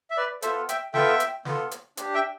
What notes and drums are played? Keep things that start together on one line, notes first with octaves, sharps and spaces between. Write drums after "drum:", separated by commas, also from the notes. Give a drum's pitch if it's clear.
E5
B4 D5
B3 F4 A4 C5 E5, drum: hi-hat
E5 G5, drum: hi-hat
B3 F4 A4 E5 G5, drum: snare
drum: hi-hat
B3 F4 A4, drum: snare
drum: hi-hat
D4 G4, drum: hi-hat
E5 G5